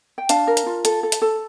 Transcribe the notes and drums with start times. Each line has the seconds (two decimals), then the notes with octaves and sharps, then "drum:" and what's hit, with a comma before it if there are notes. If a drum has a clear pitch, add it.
0.18 G5
0.29 D4 F5 A5, drum: hi-hat
0.47 A#4
0.57 drum: hi-hat
0.66 F4
0.85 A4, drum: hi-hat
1.03 A4
1.12 drum: hi-hat
1.22 A4